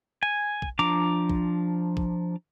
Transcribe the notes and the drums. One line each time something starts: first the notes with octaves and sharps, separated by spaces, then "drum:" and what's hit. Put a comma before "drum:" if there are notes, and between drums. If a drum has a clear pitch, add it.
G#5
drum: kick
F3 D4 A#5 D6
drum: kick
drum: kick